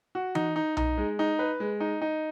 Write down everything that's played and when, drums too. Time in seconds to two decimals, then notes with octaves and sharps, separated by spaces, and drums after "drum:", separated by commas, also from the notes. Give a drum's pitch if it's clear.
0.15 F#4
0.35 D#4, drum: tom E3
0.56 D#4
0.77 D#4, drum: tom B1
0.98 G#3
1.19 D#4
1.39 B4
1.60 G#3
1.80 D#4
2.02 D#4